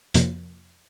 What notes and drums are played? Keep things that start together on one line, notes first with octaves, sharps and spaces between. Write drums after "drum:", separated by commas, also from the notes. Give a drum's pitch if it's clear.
F2 C3 F3 A#3, drum: hi-hat